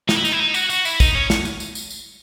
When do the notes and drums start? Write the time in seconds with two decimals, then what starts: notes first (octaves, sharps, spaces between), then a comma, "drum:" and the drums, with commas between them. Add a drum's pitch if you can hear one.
0.09 D#4, drum: snare
0.17 E4
0.25 D#4, drum: tambourine
0.33 E4
0.40 D#4
0.54 F#4, drum: tambourine
0.70 F#4, drum: tambourine
0.85 E4, drum: tambourine
1.00 D#4, drum: kick, tambourine
1.15 C#4
1.30 drum: snare
1.45 drum: tambourine
1.60 drum: tambourine
1.75 drum: tambourine
1.90 drum: tambourine